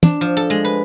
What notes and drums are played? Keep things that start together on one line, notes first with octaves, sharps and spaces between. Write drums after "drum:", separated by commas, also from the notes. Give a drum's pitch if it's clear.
D4, drum: tom
F3
A4
G#3
B4